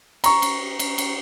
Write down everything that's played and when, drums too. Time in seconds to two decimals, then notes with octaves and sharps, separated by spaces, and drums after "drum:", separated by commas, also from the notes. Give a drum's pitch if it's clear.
0.24 A#5 C#6, drum: cymbal
0.42 drum: cymbal
0.79 drum: cymbal
0.98 drum: cymbal